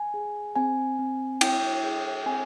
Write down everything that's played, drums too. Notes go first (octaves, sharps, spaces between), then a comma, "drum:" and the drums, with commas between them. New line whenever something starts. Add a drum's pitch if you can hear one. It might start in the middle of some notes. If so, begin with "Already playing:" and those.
Already playing: G#5
G#4
C4 G#5
C4
E4 G5, drum: cymbal
G#4
C4 G#5